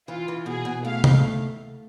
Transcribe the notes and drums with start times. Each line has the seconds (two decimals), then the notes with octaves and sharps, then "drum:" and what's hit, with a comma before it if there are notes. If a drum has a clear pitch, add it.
0.08 E3 F4
0.28 E3
0.46 B2 G#4
0.65 B2
0.85 A3 F5
1.04 A3, drum: tom C3